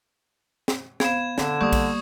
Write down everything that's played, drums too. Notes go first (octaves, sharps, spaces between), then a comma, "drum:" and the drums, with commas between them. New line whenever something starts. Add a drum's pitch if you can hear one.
drum: snare
B3 C5 F5 G#6 E7, drum: snare
D3 D4, drum: snare
G3 A#3 G4 D5 C#6 D#6
drum: kick A#1, cymbal